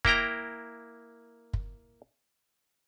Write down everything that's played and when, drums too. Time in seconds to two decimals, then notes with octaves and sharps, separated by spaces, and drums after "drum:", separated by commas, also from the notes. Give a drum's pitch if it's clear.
0.05 A#3 E4 G5 A#5, drum: kick F#1
1.53 drum: kick F#1